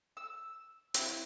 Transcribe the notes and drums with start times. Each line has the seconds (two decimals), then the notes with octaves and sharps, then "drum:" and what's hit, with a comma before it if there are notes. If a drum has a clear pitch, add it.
0.17 E6
0.94 C4 E4, drum: hi-hat